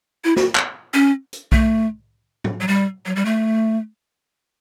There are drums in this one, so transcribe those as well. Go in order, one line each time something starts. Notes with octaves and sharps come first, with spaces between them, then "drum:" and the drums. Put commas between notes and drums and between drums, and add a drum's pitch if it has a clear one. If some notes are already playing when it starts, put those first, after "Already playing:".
E4
F#4, drum: snare
drum: clap
C#4
drum: hi-hat
A3, drum: kick B1
drum: tom A2
F#3
G3
F#3
G3
A3